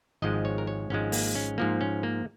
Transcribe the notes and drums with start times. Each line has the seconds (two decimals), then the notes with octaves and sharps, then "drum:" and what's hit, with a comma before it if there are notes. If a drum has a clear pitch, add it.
0.22 G#1 G#2 F3 G#3 D#5
0.45 C#5
0.58 A#4
0.67 C#5
0.90 G#1 G#2 F3 G#3 C#4
1.12 A#3, drum: open hi-hat
1.35 C#4
1.58 G#2 F3 A#3
1.81 C#4
2.03 A#3